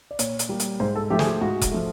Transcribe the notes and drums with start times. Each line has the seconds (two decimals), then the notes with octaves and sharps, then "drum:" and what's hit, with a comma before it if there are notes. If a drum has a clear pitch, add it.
0.11 D5
0.19 A#2 C#5, drum: hi-hat
0.39 drum: hi-hat
0.49 G3 A#3
0.60 drum: hi-hat
0.80 G#2 C5
0.96 A4
1.10 F3 A3 G4
1.19 G#4, drum: snare
1.26 G4
1.41 G#2 F#4
1.61 drum: kick E1, hi-hat
1.72 F3 A3